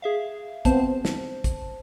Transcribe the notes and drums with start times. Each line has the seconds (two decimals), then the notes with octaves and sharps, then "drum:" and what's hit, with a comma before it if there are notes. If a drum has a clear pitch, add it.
0.02 G#4 E5 F5
0.65 B3 C4 C5 A5, drum: kick, hi-hat
1.05 drum: snare
1.44 drum: kick, hi-hat